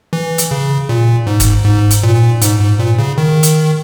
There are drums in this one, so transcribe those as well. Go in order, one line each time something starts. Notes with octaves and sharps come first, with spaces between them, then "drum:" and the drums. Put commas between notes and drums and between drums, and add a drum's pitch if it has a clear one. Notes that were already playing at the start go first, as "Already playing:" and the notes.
E3
drum: hi-hat
C#3
A#2
G#2
drum: kick, hi-hat
G#2
drum: hi-hat
A#2
G#2, drum: hi-hat
G#2
A#2
C#3
D#3
drum: hi-hat